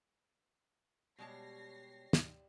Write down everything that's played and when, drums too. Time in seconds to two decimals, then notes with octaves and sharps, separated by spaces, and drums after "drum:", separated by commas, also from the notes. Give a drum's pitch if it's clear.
1.18 B2 G3 G#3 C#5 A5 A#6 C7
2.13 drum: snare